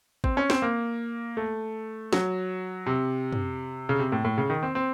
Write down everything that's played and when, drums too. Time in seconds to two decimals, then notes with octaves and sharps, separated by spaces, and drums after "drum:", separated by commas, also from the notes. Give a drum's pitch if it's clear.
0.24 C4, drum: kick G#1
0.37 C#4
0.50 C4, drum: snare
0.62 A#3
1.37 A3
2.13 F#3, drum: snare
2.86 C3
3.33 drum: tom
3.89 C#3
3.99 C3
4.12 A2
4.25 A2
4.38 C#3
4.50 D#3
4.63 C4
4.75 C4